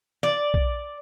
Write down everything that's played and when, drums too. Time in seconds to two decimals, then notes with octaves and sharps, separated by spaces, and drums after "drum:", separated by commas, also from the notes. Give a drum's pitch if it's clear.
0.23 D5, drum: snare
0.54 drum: kick